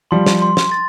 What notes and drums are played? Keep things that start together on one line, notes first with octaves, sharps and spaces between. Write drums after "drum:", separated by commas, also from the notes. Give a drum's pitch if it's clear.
F3 G3 C6
drum: snare
C6
drum: snare
A6